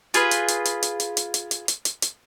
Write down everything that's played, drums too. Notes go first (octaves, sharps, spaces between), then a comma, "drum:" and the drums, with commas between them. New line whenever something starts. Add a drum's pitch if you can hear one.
F4 G#4 B4, drum: hi-hat
drum: hi-hat
drum: hi-hat
drum: hi-hat
drum: hi-hat
drum: hi-hat
drum: hi-hat
drum: hi-hat
drum: hi-hat
drum: hi-hat
drum: hi-hat
drum: hi-hat